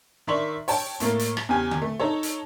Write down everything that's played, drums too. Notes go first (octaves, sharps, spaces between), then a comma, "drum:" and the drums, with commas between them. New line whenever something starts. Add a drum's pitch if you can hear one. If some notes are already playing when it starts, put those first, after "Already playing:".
D#3 D5 E5 C6 C#6 F#7
C#5 G5 A5, drum: open hi-hat
A2 A3 A#3, drum: hi-hat
drum: hi-hat
drum: rim click
E2 C#3 G4 G#5
drum: tom D3
A3
D#4 A4 C#5
drum: hi-hat